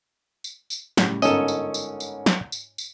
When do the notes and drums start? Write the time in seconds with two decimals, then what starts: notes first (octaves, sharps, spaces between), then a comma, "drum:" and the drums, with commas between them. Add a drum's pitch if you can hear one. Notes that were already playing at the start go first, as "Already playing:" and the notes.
0.44 drum: tambourine
0.70 drum: tambourine
0.97 A2 C#3 G3, drum: snare
1.22 G1 G#2 C#4 A4 A#4 D#5, drum: tambourine
1.48 drum: tambourine
1.74 drum: tambourine
2.00 drum: tambourine
2.26 drum: snare
2.52 drum: tambourine
2.78 drum: tambourine